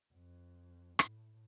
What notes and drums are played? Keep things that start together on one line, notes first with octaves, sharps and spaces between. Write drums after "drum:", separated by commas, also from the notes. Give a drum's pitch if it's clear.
F2
A2, drum: rim click